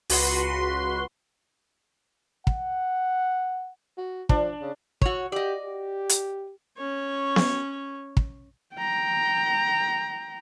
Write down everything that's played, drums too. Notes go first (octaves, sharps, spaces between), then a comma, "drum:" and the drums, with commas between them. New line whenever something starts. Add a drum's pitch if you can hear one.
C#2 F#4 B4 C6, drum: open hi-hat
F#5, drum: kick
F#4
F3 D4, drum: kick
C#3
F#4 C#5, drum: kick
G4 D5 D#5
G4
drum: hi-hat
C#4 C#5
drum: snare B3
drum: kick
G5 A#5